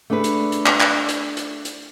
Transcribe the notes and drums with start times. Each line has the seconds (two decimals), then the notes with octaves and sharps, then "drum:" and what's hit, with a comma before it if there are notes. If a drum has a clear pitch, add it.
0.10 A3 D4 G4 G#4 B4
0.24 drum: hi-hat
0.52 drum: hi-hat
0.66 drum: clap
0.80 drum: clap
1.09 drum: hi-hat
1.37 drum: hi-hat
1.65 drum: hi-hat